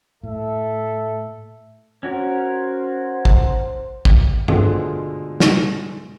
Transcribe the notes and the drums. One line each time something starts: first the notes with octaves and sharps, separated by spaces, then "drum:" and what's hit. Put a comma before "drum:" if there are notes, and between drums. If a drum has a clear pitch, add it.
A2 A4 E5
C#4 F#4 A#4 C5
drum: kick
drum: kick
G#2 B2 D3 F3 G#3 A3, drum: tom G2
drum: snare